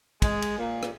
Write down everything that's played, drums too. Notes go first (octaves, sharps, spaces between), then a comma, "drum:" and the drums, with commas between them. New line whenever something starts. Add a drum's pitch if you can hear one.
G#3, drum: kick, cymbal
drum: cymbal
A#2
drum: rim click